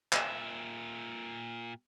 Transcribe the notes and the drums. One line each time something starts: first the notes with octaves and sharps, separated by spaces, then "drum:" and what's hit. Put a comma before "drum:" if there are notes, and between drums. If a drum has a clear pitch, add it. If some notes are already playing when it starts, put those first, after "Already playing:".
A#2 E5, drum: clap